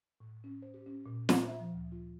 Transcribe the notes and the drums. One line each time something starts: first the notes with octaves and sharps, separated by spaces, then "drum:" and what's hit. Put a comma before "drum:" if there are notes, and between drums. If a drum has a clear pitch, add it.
A2
C#4
C5
G4
C#4
A#2
drum: snare
E5
F3
D2
F4